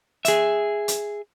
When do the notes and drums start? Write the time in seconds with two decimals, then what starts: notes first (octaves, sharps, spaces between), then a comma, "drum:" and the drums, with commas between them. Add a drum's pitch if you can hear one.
0.25 G#4 E5, drum: hi-hat
0.88 drum: hi-hat